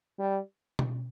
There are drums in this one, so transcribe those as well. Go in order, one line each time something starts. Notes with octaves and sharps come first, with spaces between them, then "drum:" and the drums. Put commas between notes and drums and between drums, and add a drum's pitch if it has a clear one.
G3
drum: tom B2